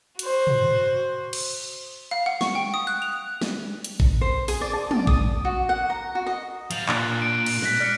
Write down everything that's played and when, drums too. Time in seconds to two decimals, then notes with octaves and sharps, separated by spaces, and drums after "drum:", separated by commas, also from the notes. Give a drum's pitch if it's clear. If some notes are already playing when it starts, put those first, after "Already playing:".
0.19 F#4 C5, drum: hi-hat
0.47 drum: tom
1.33 drum: cymbal
2.11 F5
2.26 F#5
2.41 C#6, drum: snare
2.55 G5
2.74 D#6
2.87 F#6
3.02 F7
3.41 drum: snare
3.84 drum: hi-hat
4.00 drum: kick A1
4.21 C5
4.48 G#4, drum: open hi-hat
4.61 D5
4.73 A5
4.91 D5, drum: tom
5.07 D#6, drum: kick A1
5.45 F#4
5.69 F#5
5.90 A#5
6.15 F#4
6.26 D#5
6.71 G3 F5, drum: hi-hat
6.89 A#2 D4 F#6 A6, drum: clap
7.22 C7 D7
7.46 drum: cymbal
7.62 F#6 A#6 B6, drum: snare
7.80 D5 F6 F#6 C#7